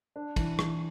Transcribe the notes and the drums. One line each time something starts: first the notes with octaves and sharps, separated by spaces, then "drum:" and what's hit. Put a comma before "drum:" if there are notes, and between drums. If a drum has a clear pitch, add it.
D4
E3, drum: kick, cymbal
E3, drum: rim click